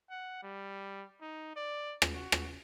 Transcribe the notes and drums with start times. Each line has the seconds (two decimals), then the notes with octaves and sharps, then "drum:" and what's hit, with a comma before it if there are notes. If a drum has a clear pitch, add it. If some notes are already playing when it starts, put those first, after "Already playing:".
0.10 F#5
0.43 G3
1.21 D#4
1.56 D5
2.02 drum: rim click
2.14 F#4
2.32 drum: rim click